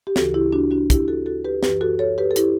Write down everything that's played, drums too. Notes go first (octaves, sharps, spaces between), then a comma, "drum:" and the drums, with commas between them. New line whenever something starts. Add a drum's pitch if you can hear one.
G4
D2 C#3 E3 F#4 A4, drum: snare
E4 G4
D4 F#4
D4 F#4
E4 G4, drum: kick, hi-hat
F#4 A4
F#4 A4
G4 B4
F#2 E3 G4 B4, drum: snare
F#4 A4
A4 C#5
G4 B4
A4
E4 G4, drum: hi-hat